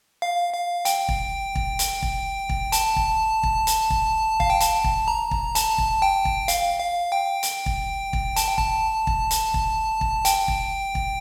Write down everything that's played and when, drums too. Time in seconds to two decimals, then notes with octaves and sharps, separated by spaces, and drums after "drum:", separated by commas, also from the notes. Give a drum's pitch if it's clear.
0.22 F5
0.53 F5
0.85 G5, drum: hi-hat
1.08 drum: kick
1.55 drum: kick
1.79 drum: hi-hat
2.02 drum: kick
2.49 drum: kick
2.72 A5, drum: hi-hat
2.96 drum: kick
3.43 drum: kick
3.67 drum: hi-hat
3.90 drum: kick
4.40 F5, drum: kick
4.50 G5
4.60 A5, drum: hi-hat
4.84 drum: kick
5.08 A#5
5.31 drum: kick
5.55 A5, drum: hi-hat
5.78 drum: kick
6.02 G5
6.25 drum: kick
6.48 F5, drum: hi-hat
6.80 F5
7.12 G5
7.43 drum: hi-hat
7.66 drum: kick
8.13 drum: kick
8.36 A5, drum: hi-hat
8.47 G5
8.58 A5, drum: kick
9.07 drum: kick
9.31 drum: hi-hat
9.54 drum: kick
10.01 drum: kick
10.25 G5, drum: hi-hat
10.48 drum: kick
10.95 drum: kick